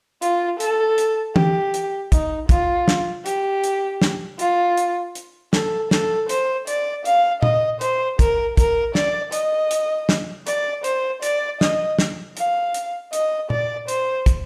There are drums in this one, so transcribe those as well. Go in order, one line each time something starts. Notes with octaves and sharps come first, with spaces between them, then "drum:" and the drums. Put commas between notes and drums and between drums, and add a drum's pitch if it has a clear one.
F4, drum: hi-hat
A4, drum: hi-hat
drum: hi-hat
G4, drum: tom E3
drum: hi-hat
D#4, drum: kick, hi-hat
F4, drum: kick, hi-hat
drum: snare
G4, drum: hi-hat
drum: hi-hat
drum: snare
F4, drum: hi-hat
drum: hi-hat
drum: hi-hat
A4, drum: snare
A4, drum: snare
C5, drum: hi-hat
D5, drum: hi-hat
F5, drum: hi-hat
D#5, drum: tom A#2
C5, drum: hi-hat
A#4, drum: kick, hi-hat
A#4, drum: kick, hi-hat
D5, drum: snare
D#5, drum: hi-hat
drum: hi-hat
drum: snare
D5, drum: hi-hat
C5, drum: hi-hat
D5, drum: hi-hat
D#5, drum: snare
drum: snare
F5, drum: hi-hat
drum: hi-hat
D#5, drum: hi-hat
D5, drum: tom A#2
C5, drum: hi-hat
drum: kick, hi-hat